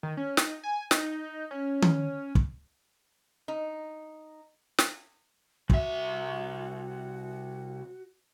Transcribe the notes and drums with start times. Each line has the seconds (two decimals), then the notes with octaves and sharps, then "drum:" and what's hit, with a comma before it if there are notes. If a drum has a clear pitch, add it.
0.03 D#3
0.17 C#4
0.37 D#4, drum: snare
0.63 G#5
0.91 D#4, drum: snare
1.51 C#4
1.82 drum: tom D#3
2.35 drum: kick
3.48 D#4
4.78 drum: snare
5.70 C2 F#4 E5, drum: kick